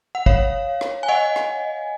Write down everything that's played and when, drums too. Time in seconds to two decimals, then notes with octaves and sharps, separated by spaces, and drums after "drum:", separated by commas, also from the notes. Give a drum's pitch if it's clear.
0.15 F#5
0.26 C#5 F5, drum: kick
0.81 drum: rim click
1.03 G#5
1.08 D#5 F#5
1.36 drum: rim click